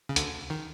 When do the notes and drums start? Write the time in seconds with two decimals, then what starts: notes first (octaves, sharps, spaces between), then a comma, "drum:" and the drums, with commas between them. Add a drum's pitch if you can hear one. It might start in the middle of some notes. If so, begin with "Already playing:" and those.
0.09 C#3
0.16 D2 D3, drum: hi-hat
0.50 D#3